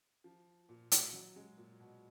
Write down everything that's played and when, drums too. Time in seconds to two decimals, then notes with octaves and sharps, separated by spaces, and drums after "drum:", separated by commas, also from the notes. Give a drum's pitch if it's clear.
0.24 F3
0.69 A#2
0.92 B2, drum: hi-hat
1.13 F#3
1.36 G#3
1.57 A#2
1.80 B2